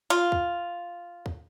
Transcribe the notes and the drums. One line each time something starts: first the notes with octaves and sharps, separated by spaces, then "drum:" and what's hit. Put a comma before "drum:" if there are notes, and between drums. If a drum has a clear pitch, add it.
F4
drum: kick
drum: kick